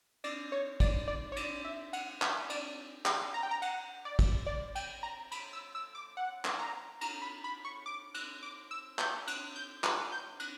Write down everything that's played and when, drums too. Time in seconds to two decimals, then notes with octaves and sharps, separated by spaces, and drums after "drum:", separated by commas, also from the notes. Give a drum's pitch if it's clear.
0.24 D5, drum: cymbal
0.52 C#5
0.80 D5, drum: kick, cymbal
1.08 D5
1.32 C#5
1.36 D5, drum: cymbal
1.65 E5
1.93 F#5, drum: cymbal
2.22 E5, drum: clap
2.50 D5, drum: cymbal
3.06 G5, drum: clap
3.34 A#5
3.43 G5
3.51 A#5
3.62 F#5, drum: cymbal
4.05 D5
4.19 drum: kick, cymbal
4.46 D5
4.75 G5, drum: cymbal
5.03 A#5
5.32 B5, drum: cymbal
5.53 E6
5.75 E6
5.95 D6
6.17 F#5
6.45 drum: clap
6.59 A#5
7.01 A#5, drum: cymbal
7.22 B5
7.44 B5
7.65 C#6
7.86 D6
8.14 F#6, drum: cymbal
8.43 D6
8.71 E6
8.99 G6, drum: clap
9.27 F#6, drum: cymbal
9.56 G6
9.84 F#6, drum: clap
10.12 G6
10.40 F#6, drum: cymbal